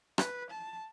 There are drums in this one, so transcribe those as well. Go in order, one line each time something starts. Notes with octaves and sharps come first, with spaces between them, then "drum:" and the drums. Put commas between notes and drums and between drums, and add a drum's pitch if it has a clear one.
B4, drum: rim click
A5